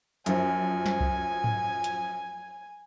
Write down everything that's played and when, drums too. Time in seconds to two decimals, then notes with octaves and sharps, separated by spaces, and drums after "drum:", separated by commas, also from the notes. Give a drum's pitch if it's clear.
0.26 F#2 F3 G#5, drum: hi-hat
0.86 drum: snare
1.00 drum: kick C2
1.44 drum: tom G#2
1.84 drum: hi-hat